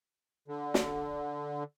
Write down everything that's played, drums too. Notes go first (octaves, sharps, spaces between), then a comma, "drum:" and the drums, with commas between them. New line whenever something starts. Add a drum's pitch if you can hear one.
D3
drum: snare